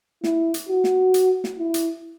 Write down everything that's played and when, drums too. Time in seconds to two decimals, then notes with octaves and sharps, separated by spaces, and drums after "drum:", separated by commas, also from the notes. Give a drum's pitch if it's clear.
0.24 E4, drum: snare
0.54 drum: hi-hat
0.68 F#4
0.84 drum: snare
1.14 drum: hi-hat
1.44 drum: snare
1.58 E4
1.74 drum: hi-hat